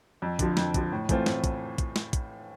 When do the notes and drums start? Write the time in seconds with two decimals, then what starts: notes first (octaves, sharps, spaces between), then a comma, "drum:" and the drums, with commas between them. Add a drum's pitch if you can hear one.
0.22 F2
0.39 D3 F3, drum: kick, hi-hat
0.57 F2, drum: snare
0.74 D3 F3, drum: kick, hi-hat
0.92 A2
1.09 E3 A3 C4 F4, drum: kick, hi-hat
1.26 A2, drum: snare
1.44 drum: kick, hi-hat
1.78 drum: kick, hi-hat
1.96 drum: snare
2.13 drum: kick, hi-hat